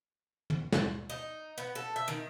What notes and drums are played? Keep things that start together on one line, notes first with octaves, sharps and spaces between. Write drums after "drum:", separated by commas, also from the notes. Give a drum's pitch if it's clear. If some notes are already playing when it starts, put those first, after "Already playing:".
drum: tom
drum: snare
D#4
B3
A4
E5
D#3